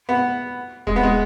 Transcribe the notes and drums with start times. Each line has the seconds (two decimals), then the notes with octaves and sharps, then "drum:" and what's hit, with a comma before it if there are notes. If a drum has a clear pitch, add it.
0.09 B3
0.87 G#3, drum: kick D#1
0.96 B3
1.03 G#3